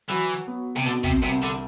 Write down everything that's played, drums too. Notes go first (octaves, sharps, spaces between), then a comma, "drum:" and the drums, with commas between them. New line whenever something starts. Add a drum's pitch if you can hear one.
E3 F#3
drum: hi-hat
B3
C3
B2 D3
C3, drum: kick
C2 C3
D3